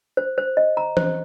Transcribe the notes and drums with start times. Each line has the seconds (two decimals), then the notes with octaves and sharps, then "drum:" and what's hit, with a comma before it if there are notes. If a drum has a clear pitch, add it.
0.17 C5
0.38 C5
0.57 D#5
0.77 A#5
0.97 C5, drum: tom E3